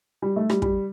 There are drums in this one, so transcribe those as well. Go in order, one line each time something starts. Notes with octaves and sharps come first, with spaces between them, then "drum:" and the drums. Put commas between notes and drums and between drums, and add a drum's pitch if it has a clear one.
G3
A3
G3, drum: rim click
G3, drum: kick